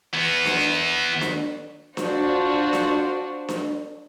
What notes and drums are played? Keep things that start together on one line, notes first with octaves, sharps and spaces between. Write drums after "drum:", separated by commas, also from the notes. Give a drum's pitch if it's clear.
E3 B3
drum: snare D4
drum: snare D4
D4 F4 F#4 C5, drum: snare D4
drum: snare D4
drum: snare D4